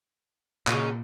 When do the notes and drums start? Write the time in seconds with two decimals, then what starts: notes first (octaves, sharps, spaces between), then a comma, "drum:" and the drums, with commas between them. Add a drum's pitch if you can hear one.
0.67 A#2 C#3 C#4 D#4, drum: clap